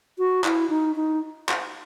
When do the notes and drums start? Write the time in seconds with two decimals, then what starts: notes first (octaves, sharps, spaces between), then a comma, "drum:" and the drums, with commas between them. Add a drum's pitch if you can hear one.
0.18 F#4
0.44 E4, drum: clap
0.70 D#4
0.96 D#4
1.49 drum: clap